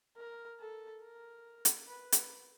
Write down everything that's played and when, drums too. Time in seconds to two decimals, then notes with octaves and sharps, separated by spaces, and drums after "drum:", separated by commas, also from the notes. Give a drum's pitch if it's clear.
0.18 A#4
0.60 A4
1.02 A#4
1.65 drum: hi-hat
1.87 B4
2.12 drum: hi-hat